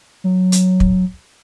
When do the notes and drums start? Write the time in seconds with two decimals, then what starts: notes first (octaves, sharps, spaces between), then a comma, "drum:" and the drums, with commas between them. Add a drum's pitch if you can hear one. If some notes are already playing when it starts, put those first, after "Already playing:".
0.24 F#3
0.52 drum: hi-hat
0.80 drum: kick